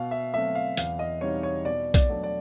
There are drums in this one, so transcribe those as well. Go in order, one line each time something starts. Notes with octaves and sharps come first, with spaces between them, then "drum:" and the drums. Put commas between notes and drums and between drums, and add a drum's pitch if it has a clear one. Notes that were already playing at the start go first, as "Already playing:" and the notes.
Already playing: B2 F5
E5
F#3 A3 C4 E5
F5
E2 F5, drum: hi-hat
D#5
B2 G3 C4 D#4 C#5
C#5
B2 D5
D5, drum: kick, hi-hat
F#3 A3 D4
D5